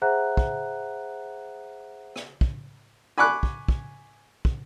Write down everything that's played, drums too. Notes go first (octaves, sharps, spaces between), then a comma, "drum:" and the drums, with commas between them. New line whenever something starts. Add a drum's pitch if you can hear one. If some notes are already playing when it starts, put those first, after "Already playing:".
G#4 C5 E5 F#5 A#5 F#6
drum: kick
drum: rim click
drum: kick
G#5 B5 C#6 D6 F#6
drum: kick
drum: kick
drum: kick